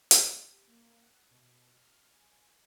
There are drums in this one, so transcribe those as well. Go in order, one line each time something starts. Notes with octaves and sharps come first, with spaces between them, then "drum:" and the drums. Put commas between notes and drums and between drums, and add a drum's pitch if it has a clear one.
drum: hi-hat
G4
A#3
F#5
B2
F6
G#5